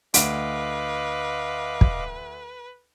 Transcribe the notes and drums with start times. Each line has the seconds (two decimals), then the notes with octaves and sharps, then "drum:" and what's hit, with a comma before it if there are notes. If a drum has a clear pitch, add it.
0.14 D2 B4 D#5 F5 D6 D7, drum: hi-hat
1.81 drum: kick